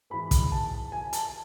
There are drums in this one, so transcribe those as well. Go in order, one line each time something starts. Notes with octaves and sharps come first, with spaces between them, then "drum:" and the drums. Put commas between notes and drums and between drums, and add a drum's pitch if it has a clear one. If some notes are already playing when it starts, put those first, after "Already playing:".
G#2 E3 B5
drum: kick, hi-hat
A5
G#5
A5, drum: hi-hat